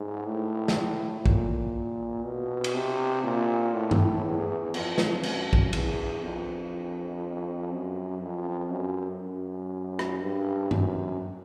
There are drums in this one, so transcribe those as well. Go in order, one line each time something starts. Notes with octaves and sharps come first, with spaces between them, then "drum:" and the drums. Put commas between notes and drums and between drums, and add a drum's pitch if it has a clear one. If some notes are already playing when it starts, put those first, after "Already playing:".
Already playing: G#2
A2
drum: snare
A#2, drum: kick
B2
drum: cymbal
C3
A#2
A2
drum: tom G2
E2
F2, drum: cymbal
drum: snare
F#2, drum: cymbal
drum: kick
E2, drum: cymbal
F2
F#2
F2
F#2
F#2
drum: rim click
G2
F#2, drum: tom G2